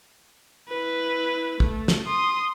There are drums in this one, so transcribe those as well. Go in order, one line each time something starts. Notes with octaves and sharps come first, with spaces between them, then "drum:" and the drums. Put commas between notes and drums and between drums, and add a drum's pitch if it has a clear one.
E4 B4
A3, drum: kick
drum: snare
C6 D#6